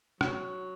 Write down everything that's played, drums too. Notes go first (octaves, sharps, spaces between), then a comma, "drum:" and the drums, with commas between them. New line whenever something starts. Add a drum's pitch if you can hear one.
F#3, drum: rim click